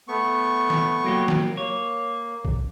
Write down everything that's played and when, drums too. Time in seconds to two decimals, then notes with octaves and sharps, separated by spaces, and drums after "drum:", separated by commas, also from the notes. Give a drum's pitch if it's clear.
0.08 A3 B3 C#6
0.70 drum: snare
1.04 F#3 A#3 G4
1.28 drum: snare
1.57 A#3 C#5
2.45 drum: kick